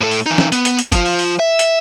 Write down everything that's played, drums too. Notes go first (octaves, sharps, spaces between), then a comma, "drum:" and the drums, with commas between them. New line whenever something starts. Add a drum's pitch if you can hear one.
A2 A4
drum: open hi-hat
E3 D#4
drum: snare
B3, drum: hi-hat
drum: hi-hat
drum: hi-hat
F3 F4, drum: kick, hi-hat
drum: open hi-hat
drum: open hi-hat
E5
drum: hi-hat